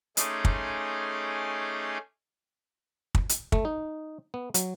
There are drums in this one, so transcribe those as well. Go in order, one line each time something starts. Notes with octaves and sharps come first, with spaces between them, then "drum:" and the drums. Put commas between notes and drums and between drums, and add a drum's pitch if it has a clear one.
A3 C#4 D#4 G#4 C6 D6, drum: hi-hat
drum: kick
drum: kick
drum: hi-hat
A3, drum: kick
D#4
B3
F#3, drum: hi-hat